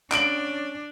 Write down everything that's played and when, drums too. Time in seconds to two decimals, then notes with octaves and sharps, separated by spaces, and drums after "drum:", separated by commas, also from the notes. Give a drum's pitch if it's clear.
0.12 C#4 D4 D7 F#7, drum: clap